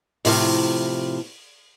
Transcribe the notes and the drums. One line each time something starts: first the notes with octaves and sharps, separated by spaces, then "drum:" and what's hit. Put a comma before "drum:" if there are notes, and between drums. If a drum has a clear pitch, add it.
A2 C3 E3 F3, drum: open hi-hat